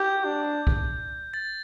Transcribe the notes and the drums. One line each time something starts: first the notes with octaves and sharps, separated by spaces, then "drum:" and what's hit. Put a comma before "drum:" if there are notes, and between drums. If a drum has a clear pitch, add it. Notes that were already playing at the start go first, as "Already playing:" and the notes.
Already playing: G4 G6
D4
drum: kick
A6